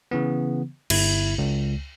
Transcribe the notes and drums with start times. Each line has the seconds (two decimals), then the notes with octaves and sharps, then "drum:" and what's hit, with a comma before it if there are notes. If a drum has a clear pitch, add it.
0.11 C#3 E3 B3
0.90 G1 E4 G#6, drum: cymbal
1.38 C#2